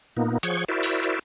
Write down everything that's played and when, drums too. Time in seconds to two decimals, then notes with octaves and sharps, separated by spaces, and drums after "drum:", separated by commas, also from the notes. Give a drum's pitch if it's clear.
0.17 A#2 A#3 B3 D#4
0.43 F3 G#4 C#5 F#5 C#6 G6, drum: hi-hat
0.68 E4 F#4 A#4 C5 D5 E5
0.83 drum: open hi-hat
1.03 drum: hi-hat